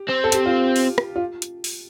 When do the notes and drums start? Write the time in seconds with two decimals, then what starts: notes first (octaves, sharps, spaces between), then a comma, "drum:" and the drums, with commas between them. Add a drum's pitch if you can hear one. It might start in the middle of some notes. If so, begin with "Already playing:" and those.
Already playing: G4
0.09 C4
0.24 A4
0.32 G4, drum: hi-hat
0.46 F4
0.76 drum: open hi-hat
0.98 drum: rim click
1.16 F4
1.42 drum: hi-hat
1.64 drum: open hi-hat